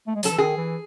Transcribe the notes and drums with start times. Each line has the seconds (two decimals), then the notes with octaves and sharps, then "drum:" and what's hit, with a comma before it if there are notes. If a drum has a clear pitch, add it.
0.07 A3
0.15 G#3
0.23 F#3 A4, drum: hi-hat
0.31 E3
0.38 D#3 G#4
0.57 E3